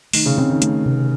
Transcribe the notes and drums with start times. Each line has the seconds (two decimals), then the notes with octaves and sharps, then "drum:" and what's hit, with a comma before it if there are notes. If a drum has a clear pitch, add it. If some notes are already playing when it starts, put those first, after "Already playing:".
0.13 D#3 A3, drum: open hi-hat
0.26 C#3
0.38 C#3 C4
0.50 D#3
0.62 A3, drum: hi-hat
0.85 C3